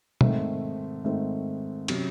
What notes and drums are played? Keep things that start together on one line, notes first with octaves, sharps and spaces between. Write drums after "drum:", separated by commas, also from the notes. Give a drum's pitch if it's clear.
G#2 D#3 A3 C4, drum: tom B2
G#2 D#3 A3 C4
C3 F#3 C#4, drum: cymbal